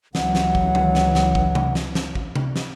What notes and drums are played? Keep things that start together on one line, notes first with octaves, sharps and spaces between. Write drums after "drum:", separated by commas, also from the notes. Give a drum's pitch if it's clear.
C#2 E3 F#3 F#5, drum: snare
drum: snare
drum: kick
drum: tom D#3
drum: snare
drum: snare
drum: kick
drum: tom C3
drum: snare
drum: snare
drum: kick
drum: tom C3
drum: snare